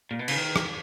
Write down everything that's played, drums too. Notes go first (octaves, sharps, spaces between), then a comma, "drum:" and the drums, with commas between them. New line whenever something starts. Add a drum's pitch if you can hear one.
A#2
B2
C#3, drum: cymbal
D#3
drum: rim click